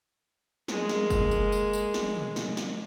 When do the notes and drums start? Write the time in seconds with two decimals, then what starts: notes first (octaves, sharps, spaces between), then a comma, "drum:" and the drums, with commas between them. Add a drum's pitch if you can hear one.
0.68 G#3 A#3, drum: snare
0.89 drum: snare
1.10 drum: kick F#1, tambourine
1.31 drum: tambourine
1.52 drum: tambourine
1.73 drum: tambourine
1.94 drum: snare
2.15 drum: tom
2.36 drum: snare
2.57 drum: snare